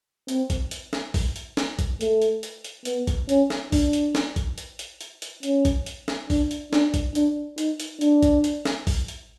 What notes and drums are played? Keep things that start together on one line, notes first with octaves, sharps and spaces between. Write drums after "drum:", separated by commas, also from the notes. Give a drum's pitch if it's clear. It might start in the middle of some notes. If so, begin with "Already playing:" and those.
C4, drum: hi-hat
drum: kick, hi-hat
drum: hi-hat
drum: snare
drum: kick, open hi-hat
drum: hi-hat
drum: snare
drum: kick, hi-hat
A3, drum: hi-hat
drum: hi-hat
drum: hi-hat
drum: hi-hat
B3, drum: hi-hat
drum: kick, hi-hat
C#4, drum: hi-hat
drum: snare
D4, drum: kick, open hi-hat
drum: hi-hat
drum: snare
drum: kick, hi-hat
drum: hi-hat
drum: hi-hat
drum: hi-hat
drum: hi-hat
C#4, drum: hi-hat
drum: kick, hi-hat
drum: hi-hat
drum: snare
D4, drum: kick, open hi-hat
drum: hi-hat
D4, drum: snare
drum: kick, hi-hat
D4, drum: hi-hat
D#4, drum: hi-hat
drum: hi-hat
D4, drum: hi-hat
drum: kick, hi-hat
drum: hi-hat
drum: snare
drum: kick, open hi-hat
drum: hi-hat